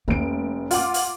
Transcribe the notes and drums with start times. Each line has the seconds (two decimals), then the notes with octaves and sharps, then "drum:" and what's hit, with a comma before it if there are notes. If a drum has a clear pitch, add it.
0.08 F1 A#3 C#4 D7
0.71 F4 F#5 D6, drum: open hi-hat
0.94 drum: open hi-hat